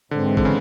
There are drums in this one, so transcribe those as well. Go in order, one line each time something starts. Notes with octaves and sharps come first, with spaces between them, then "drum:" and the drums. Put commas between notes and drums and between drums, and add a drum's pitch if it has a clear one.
G#2 D3 E3 G#3 C4
D3, drum: kick
C#3